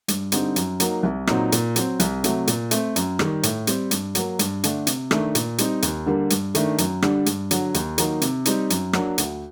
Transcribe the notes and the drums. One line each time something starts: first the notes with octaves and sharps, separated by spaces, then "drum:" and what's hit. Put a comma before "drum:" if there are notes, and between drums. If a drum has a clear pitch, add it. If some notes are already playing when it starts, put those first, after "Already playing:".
G2, drum: hi-hat
D3 G3 C4 D#4, drum: hi-hat
F#2, drum: hi-hat
F#3 A#3 D#4, drum: hi-hat
C2
A#2 F#3 C4 D#4, drum: rim click
A#2, drum: hi-hat
F#3 C4, drum: hi-hat
C2, drum: hi-hat
C3 F#3 A3, drum: hi-hat
A#2, drum: hi-hat
A3 C4, drum: hi-hat
F#2, drum: hi-hat
D#3 G3, drum: rim click
A2, drum: hi-hat
G3 C4, drum: hi-hat
G2, drum: hi-hat
F#3 A#3, drum: hi-hat
G2, drum: hi-hat
D3 A3 D4, drum: hi-hat
C3, drum: hi-hat
D#3 A3 D4, drum: rim click
A#2, drum: hi-hat
G3 C4 D#4, drum: hi-hat
D#2, drum: hi-hat
D3 G3 A#3
G2, drum: hi-hat
D#3 A3 D4, drum: hi-hat
F#2, drum: hi-hat
D3 G3 D4, drum: rim click
G2, drum: hi-hat
D3 F#3, drum: hi-hat
D#2, drum: hi-hat
D#3 F#3 A#3 D#4, drum: hi-hat
C3, drum: hi-hat
G3 C4 D#4, drum: hi-hat
F#2, drum: hi-hat
F#3 A#3 D4, drum: rim click
D2, drum: hi-hat